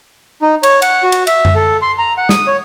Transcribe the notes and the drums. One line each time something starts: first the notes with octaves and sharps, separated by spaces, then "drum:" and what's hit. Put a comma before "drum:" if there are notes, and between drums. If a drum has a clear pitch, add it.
D#4
C#5, drum: cymbal
F#5, drum: cymbal
F#4
drum: cymbal
E5, drum: cymbal
drum: tom F#2
A4
C6
A#5
F#5
D#6, drum: snare
C#5